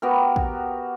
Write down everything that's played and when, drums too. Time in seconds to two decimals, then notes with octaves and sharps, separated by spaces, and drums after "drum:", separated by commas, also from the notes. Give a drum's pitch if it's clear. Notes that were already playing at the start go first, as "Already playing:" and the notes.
0.02 B3 F#4 G4 A#4
0.36 drum: kick